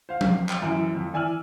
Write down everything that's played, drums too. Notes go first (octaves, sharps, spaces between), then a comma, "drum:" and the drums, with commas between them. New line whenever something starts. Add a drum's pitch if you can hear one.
C5 F5
drum: tom F3
drum: clap
F#2 E3 D7
F2
E3 D5 G#5 E6 F6 F#7